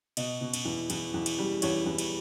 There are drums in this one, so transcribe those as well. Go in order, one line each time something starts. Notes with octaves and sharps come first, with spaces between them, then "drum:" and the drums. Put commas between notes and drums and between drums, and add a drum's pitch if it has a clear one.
B2 D#5, drum: cymbal
B2
drum: cymbal
E2
E2, drum: cymbal
E2
drum: cymbal
G3
E2 C#5, drum: cymbal
E2
drum: cymbal